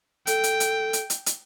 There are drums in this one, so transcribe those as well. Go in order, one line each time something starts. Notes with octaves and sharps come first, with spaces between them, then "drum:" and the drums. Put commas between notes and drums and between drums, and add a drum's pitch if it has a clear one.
A4 G5, drum: hi-hat
drum: hi-hat
drum: hi-hat
drum: hi-hat
drum: hi-hat
drum: hi-hat